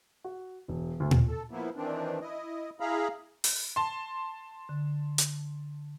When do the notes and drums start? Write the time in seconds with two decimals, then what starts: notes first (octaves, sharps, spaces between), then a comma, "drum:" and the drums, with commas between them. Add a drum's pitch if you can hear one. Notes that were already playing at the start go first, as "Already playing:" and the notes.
0.24 F#4
0.68 E1
1.00 D2
1.11 drum: tom A#2
1.28 A4
1.51 F3 A#3 B3 E4
1.76 D#3 E3 C4 D4
2.21 E4 D#5
2.80 E4 G#4 F5 A#5 B5
3.44 drum: open hi-hat
3.76 A5 C6
4.69 D3
5.18 drum: hi-hat